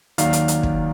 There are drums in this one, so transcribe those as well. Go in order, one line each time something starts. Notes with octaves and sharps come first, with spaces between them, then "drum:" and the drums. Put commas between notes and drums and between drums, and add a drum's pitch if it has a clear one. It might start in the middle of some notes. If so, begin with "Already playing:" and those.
D#2 D#3 F#3 D5 F5, drum: hi-hat
drum: hi-hat
drum: hi-hat
drum: kick